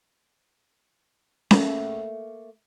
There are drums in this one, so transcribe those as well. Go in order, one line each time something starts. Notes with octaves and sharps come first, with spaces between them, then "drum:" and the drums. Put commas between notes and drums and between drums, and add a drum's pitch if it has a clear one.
A3 A#3, drum: snare C#4